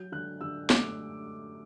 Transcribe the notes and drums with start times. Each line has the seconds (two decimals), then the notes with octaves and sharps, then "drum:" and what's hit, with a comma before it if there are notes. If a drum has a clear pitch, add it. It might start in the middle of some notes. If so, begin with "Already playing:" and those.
Already playing: F#3 G6
0.12 D3 F#6
0.41 D3 E6
0.70 A3 D6, drum: snare